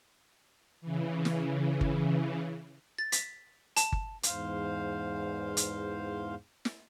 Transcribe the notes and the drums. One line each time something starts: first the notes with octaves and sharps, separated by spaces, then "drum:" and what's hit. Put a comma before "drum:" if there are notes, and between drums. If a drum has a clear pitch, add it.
C#3 E3
drum: snare
drum: kick G1
A6
B6, drum: hi-hat
A5, drum: hi-hat
drum: kick G1
E2 G#2 C5 F5, drum: hi-hat
drum: hi-hat
drum: snare